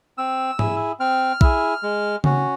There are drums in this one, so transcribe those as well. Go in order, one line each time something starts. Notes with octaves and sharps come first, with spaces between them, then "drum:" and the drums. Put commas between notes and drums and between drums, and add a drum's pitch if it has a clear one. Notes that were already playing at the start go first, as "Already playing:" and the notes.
C4 E6
E4 G#4, drum: tom
C4 F6
E4 G#4, drum: kick B1
G#3
C#4 F#4, drum: tom C#3